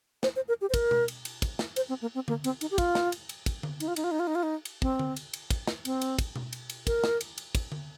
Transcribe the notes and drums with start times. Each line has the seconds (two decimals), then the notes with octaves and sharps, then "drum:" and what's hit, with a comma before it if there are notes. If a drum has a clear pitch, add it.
0.23 C5, drum: snare
0.36 C5
0.48 A#4
0.61 G4
0.70 C5
0.74 A#4, drum: kick, cymbal
0.91 drum: tom B2
1.08 drum: cymbal
1.25 drum: cymbal
1.42 drum: kick, cymbal
1.59 drum: snare
1.76 C5, drum: cymbal
1.89 C4
2.01 A#3
2.15 C4
2.28 A#3, drum: tom D3
2.44 C4, drum: cymbal
2.61 D#4, drum: cymbal
2.71 G4
2.78 F4, drum: kick, cymbal
2.95 drum: snare
3.12 drum: cymbal
3.29 drum: cymbal
3.46 drum: kick, cymbal
3.63 drum: tom D3
3.80 D#4, drum: cymbal
3.88 F4
3.96 D#4, drum: cymbal
4.04 F4
4.11 D#4
4.20 F4
4.27 D#4
4.35 F4
4.43 D#4
4.65 drum: cymbal
4.82 C4, drum: kick
4.99 drum: tom D3
5.16 drum: cymbal
5.33 drum: cymbal
5.50 drum: kick, cymbal
5.67 drum: snare
5.85 C4, drum: cymbal
6.02 drum: cymbal
6.19 drum: kick, cymbal
6.36 drum: tom B2
6.53 drum: cymbal
6.70 drum: cymbal
6.87 A#4, drum: kick, cymbal
7.04 drum: snare
7.21 drum: cymbal
7.38 drum: cymbal
7.55 drum: kick, cymbal
7.72 drum: tom D3